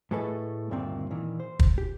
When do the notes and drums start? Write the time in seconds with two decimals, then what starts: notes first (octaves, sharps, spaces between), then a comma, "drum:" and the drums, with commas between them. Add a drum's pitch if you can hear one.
0.11 A2 A3 G#4 A4 B4 D#5
0.71 D2 G2 A#2 D#3 A#3 C4
1.11 A#2 D#3 E3
1.40 C5
1.59 drum: kick
1.78 G4